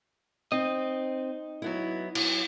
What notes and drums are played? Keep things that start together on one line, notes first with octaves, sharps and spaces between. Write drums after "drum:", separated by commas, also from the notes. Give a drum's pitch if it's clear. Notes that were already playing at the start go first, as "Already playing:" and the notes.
C4 D#4 D#5
F#3 B3 E4
F#3, drum: cymbal